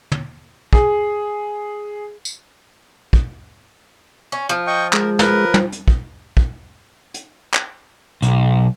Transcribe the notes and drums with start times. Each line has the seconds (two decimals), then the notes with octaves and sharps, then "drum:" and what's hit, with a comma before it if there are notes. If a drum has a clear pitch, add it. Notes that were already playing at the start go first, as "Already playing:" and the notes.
0.12 drum: tom
0.73 G#4, drum: kick
2.25 drum: tambourine
3.13 drum: kick
4.32 C#4
4.49 F3
4.67 D#5 G5 C#6
4.93 G#3 A#4, drum: clap
5.19 A#4 B4, drum: snare
5.54 drum: tom
5.72 drum: hi-hat
5.88 drum: kick
6.37 drum: kick
7.14 drum: hi-hat
7.54 drum: clap
8.22 B1, drum: hi-hat